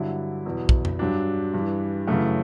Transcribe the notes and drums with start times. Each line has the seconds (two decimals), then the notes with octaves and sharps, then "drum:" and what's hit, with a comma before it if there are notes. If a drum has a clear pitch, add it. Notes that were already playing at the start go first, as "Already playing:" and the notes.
Already playing: G2 D3 F#3 E4
0.45 E2 B2 F#3
0.69 drum: kick
0.85 drum: tom F2
0.99 G2 F#3 D4
1.54 G2 E3
2.08 F#2 C#3 E3 A3